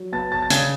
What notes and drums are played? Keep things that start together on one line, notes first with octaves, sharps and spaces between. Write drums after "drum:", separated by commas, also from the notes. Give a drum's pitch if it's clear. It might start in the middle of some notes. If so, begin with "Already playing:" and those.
Already playing: F#3
B3 A5 A6
A5 A6
A6
C#3 G#5 G#6, drum: hi-hat